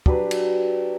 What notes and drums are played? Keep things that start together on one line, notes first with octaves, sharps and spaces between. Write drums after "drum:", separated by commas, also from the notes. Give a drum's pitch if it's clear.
F#3 D4 G4 B4, drum: kick
drum: cymbal